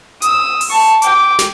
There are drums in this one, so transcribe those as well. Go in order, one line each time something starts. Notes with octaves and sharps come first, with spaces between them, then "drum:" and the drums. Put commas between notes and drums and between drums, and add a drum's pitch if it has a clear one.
D#6 E6, drum: hi-hat
drum: open hi-hat
A5 C#6
G5 D6, drum: hi-hat
drum: snare